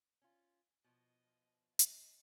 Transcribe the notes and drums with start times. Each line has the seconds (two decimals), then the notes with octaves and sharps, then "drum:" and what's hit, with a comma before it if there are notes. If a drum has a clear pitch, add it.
0.22 C#4 F4
0.84 B2 F3 D#5
1.79 D#5, drum: hi-hat